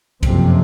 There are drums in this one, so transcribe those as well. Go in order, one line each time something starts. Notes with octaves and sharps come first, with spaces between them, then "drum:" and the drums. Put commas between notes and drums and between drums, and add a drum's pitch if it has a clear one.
F#1 F2 C3 C4, drum: kick B1, cymbal